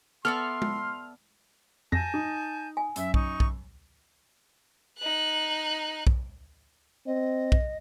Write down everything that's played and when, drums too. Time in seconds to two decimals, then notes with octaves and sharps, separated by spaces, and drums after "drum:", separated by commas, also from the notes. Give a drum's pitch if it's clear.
0.25 B3 A4 D5 E5 A5 C6 C#6 F6
0.62 drum: tom G#3
1.92 F2 G#5 A5 G6 A#6
2.14 D#4
2.77 G#5
2.96 F#2 E5 E6, drum: hi-hat
3.14 D#4 C#6, drum: kick
3.40 drum: kick
4.99 D#4 F#6
6.07 drum: kick
7.07 C4 D#5
7.52 drum: kick